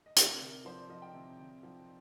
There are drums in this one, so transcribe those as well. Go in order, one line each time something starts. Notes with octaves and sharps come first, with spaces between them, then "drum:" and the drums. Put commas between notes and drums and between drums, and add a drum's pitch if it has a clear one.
D#5
C3 D5, drum: hi-hat
C3 A#4
F3 C5
D5
F3 D#5
G5
C3
C3
F3